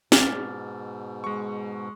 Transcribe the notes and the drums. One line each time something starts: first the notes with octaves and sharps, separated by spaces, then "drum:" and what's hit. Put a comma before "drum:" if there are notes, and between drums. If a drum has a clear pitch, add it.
G#2 B2 D6 F6 A6, drum: snare
G#3 C#6